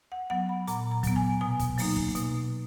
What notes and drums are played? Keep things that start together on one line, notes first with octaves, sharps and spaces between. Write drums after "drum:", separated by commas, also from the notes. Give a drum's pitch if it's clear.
F#5
F#3 B3 F#5
B5
A#2 A#5, drum: hi-hat
A#5
F#3 B3, drum: kick, hi-hat
G#5
B2 G#5
drum: kick, hi-hat
F#3 A#3 D#4, drum: open hi-hat
drum: kick
B2, drum: hi-hat